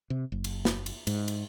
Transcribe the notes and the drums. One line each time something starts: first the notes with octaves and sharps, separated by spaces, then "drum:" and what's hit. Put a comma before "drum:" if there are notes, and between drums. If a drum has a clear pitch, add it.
C3
F#1
drum: cymbal
drum: snare
drum: cymbal
G#2, drum: cymbal
drum: cymbal